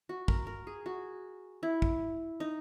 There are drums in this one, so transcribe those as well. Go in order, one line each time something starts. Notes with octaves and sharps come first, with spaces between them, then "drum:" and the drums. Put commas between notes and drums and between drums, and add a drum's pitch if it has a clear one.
F#4
A#4, drum: kick
A#4
G#4
F#4
E4
drum: kick
D#4